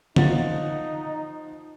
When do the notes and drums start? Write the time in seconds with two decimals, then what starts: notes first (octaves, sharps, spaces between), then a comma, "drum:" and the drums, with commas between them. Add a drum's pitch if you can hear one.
0.16 F3 D#4 F#5 A6, drum: tom